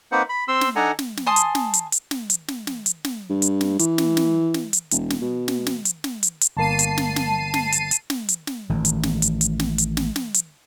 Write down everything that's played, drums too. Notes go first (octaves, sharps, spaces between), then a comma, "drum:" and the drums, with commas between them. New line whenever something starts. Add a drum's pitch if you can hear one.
A#3 C4 D#4 B4 C5 F#5
B5
C4 C6 E6
drum: snare
D4 D#4 A4 F#5 G#5 A#5
drum: snare
drum: snare
G#5 A5 C6 D#6
drum: hi-hat
drum: snare
drum: hi-hat
drum: hi-hat
drum: snare
drum: hi-hat
drum: snare
drum: snare
drum: hi-hat
drum: snare
G2
drum: hi-hat
drum: snare
E3, drum: hi-hat
drum: snare
drum: snare
drum: snare
drum: hi-hat
E1, drum: hi-hat
drum: snare
B2
drum: snare
drum: snare
drum: hi-hat
drum: snare
drum: hi-hat
drum: hi-hat
G1 A#3 A5 C7 D#7
drum: hi-hat
drum: snare
drum: snare
drum: snare
drum: hi-hat
drum: hi-hat
drum: snare
drum: hi-hat
drum: snare
A1 D#3
drum: hi-hat
drum: snare
drum: hi-hat
drum: hi-hat
drum: snare
drum: hi-hat
drum: snare
drum: snare
drum: hi-hat